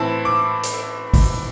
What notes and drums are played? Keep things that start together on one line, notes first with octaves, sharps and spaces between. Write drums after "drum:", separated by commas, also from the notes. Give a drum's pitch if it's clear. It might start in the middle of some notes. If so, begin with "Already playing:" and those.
Already playing: A2 E3 C4 E4 A5
D6
drum: hi-hat
drum: kick G#1, open hi-hat